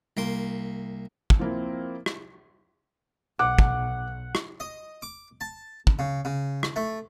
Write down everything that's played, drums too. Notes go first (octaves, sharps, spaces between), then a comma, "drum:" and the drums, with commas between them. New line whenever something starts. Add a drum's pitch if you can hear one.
C2 A#3 C6
drum: kick
F3 A#3 C4 E4
drum: rim click
B1 F#5 D6
drum: kick
drum: rim click
D#5
D6
A5
drum: kick
C#3
C#3
drum: rim click
A3